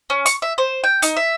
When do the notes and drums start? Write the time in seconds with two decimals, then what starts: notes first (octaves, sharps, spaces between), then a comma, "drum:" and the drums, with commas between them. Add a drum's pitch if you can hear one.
0.10 C#4
0.26 C#6, drum: hi-hat
0.42 E5
0.58 C5
0.84 G5
1.02 D#4, drum: hi-hat
1.17 E5